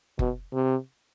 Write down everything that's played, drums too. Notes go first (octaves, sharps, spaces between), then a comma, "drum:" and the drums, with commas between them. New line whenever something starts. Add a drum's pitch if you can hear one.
B2, drum: kick F#1
C3